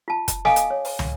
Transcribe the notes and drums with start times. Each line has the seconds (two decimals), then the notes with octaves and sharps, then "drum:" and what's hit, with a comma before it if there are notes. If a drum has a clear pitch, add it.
0.08 F4 A5
0.28 drum: kick, hi-hat
0.45 A4 D#5 F5 G#5 D6 D#6, drum: snare
0.56 drum: hi-hat
0.70 C#5
0.85 drum: open hi-hat
0.99 drum: tom